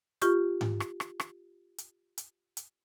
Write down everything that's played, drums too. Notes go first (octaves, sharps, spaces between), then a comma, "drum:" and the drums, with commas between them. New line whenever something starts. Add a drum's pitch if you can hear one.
F4 G4 C#6, drum: hi-hat
drum: tom G#2
drum: rim click
drum: rim click
drum: rim click
drum: hi-hat
drum: hi-hat
drum: hi-hat